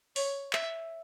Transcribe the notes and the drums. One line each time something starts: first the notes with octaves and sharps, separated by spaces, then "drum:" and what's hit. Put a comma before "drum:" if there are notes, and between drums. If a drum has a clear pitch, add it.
C#5, drum: open hi-hat
E5, drum: clap